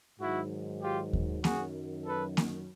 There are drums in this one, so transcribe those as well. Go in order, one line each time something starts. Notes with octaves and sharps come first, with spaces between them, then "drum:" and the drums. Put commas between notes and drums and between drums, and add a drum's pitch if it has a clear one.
G#2 D#3 F#3 E4 F#4
F4 G4
drum: kick D#2
F#2 D#3 F#3 F#4 G#4, drum: snare A#3
A4 B4
drum: snare A#3